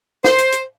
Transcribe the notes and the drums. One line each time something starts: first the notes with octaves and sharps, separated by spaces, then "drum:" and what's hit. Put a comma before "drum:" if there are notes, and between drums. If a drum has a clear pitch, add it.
C5, drum: snare
drum: hi-hat
drum: hi-hat